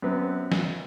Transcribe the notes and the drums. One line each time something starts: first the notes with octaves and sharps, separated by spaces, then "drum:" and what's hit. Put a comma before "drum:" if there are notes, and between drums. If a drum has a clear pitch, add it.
F#2 B3 C4
drum: snare